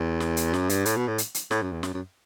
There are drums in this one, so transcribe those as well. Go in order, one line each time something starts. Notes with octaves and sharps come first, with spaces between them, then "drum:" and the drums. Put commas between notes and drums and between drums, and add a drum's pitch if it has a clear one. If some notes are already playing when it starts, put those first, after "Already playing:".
Already playing: E2
drum: snare
drum: hi-hat
F#2, drum: snare
G2, drum: hi-hat
A2, drum: hi-hat
B2
A2
drum: hi-hat
drum: hi-hat
A2, drum: snare
F#2
E2
F#2, drum: snare
F#2